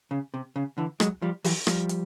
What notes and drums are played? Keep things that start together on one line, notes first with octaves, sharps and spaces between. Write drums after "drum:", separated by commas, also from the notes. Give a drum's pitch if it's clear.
C#3
C3
C#3
D3 E3
F#3 G#3, drum: rim click
F3 G3
E3 F#3, drum: open hi-hat
F3 G3, drum: rim click
drum: hi-hat